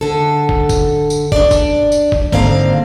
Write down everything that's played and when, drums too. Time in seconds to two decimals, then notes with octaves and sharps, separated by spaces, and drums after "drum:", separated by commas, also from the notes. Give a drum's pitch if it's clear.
0.01 D3 A4
0.49 drum: kick
0.69 drum: kick, tambourine
1.10 drum: tambourine
1.32 D4 D5, drum: kick
1.51 drum: kick, tambourine
1.92 drum: tambourine
2.12 drum: kick
2.32 G#2 D3 A#3 C4 F5, drum: kick